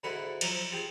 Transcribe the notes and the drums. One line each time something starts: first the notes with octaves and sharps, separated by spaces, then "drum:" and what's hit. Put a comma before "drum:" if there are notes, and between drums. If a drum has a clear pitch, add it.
G#2 D3 E4 F#4 F#5
F3 F#3 D#4, drum: cymbal
F4 G4 G#4